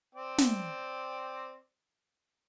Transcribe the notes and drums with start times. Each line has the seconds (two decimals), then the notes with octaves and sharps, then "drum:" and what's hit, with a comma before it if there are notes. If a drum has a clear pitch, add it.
0.15 C4 D5 G5
0.38 drum: snare